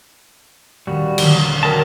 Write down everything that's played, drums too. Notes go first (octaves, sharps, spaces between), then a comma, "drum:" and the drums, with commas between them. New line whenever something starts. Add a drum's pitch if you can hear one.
D#1 G3 F#4
D#1 D3 F#3, drum: cymbal
F#3 A#4 G5 A5